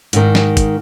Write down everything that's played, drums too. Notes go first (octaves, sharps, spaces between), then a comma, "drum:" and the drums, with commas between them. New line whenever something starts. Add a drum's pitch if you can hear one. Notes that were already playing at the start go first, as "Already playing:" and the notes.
G#2 D#3, drum: hi-hat
drum: snare
drum: kick, hi-hat